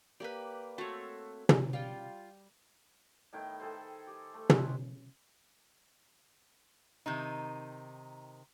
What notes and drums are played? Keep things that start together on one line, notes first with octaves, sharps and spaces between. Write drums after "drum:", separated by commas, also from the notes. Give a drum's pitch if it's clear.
A#3 G4 B4 D5
A3 C4 F#4 C#5
drum: tom
G3 F4 G5
A2 D#3 B3 G5
G#4 A4 C5
G4
A3
G#3 E5 A5, drum: tom
C3 D#3 D#4